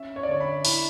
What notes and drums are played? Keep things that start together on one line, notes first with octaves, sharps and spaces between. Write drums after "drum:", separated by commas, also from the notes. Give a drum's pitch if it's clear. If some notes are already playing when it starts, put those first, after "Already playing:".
Already playing: C#4 E5
C#5
D5
D3 C#5
B5
E4 B5, drum: open hi-hat